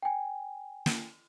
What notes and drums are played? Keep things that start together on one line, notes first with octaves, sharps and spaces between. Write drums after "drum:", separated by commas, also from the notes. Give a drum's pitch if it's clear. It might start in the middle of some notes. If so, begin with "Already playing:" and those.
G5 G#5
drum: snare